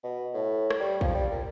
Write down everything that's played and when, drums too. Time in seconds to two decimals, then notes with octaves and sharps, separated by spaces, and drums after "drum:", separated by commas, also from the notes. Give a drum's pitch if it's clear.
0.04 B2
0.34 A2
0.70 drum: rim click
0.80 G3
1.01 F3, drum: kick
1.15 G3
1.31 A#2